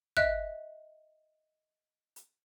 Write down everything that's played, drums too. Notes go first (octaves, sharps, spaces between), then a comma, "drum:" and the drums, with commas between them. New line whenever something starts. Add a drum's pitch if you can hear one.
D#5 E5 F#6, drum: kick
drum: hi-hat